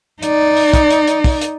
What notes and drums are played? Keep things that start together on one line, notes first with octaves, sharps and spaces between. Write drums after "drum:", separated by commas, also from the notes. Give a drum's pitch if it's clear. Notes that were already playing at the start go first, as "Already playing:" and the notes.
D#4 D5, drum: hi-hat
drum: open hi-hat
drum: kick, hi-hat
drum: hi-hat
drum: hi-hat
drum: kick, open hi-hat
drum: hi-hat